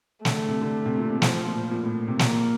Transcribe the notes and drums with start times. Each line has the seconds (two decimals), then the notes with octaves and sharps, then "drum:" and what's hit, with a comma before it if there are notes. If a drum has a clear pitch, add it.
0.25 D3 A3, drum: snare
0.48 C3
0.62 D3
0.86 C3
0.98 A#2
1.10 C3
1.22 A2 F3, drum: snare
1.46 A#2
1.71 A#2
1.84 A2
2.08 C3
2.19 A#2 A#3, drum: snare